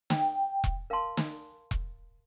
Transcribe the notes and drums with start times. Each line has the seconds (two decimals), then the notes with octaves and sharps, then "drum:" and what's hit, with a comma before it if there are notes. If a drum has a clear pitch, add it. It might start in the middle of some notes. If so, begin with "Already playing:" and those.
0.10 G5, drum: snare
0.64 drum: kick E1
0.90 A#4 F5 A5 C6
1.17 drum: snare
1.71 drum: kick E1